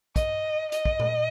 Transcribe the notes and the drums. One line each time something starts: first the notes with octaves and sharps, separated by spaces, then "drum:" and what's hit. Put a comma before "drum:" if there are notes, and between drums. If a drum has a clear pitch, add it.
D#5, drum: kick, hi-hat
D#5, drum: hi-hat
drum: kick
drum: tom A#2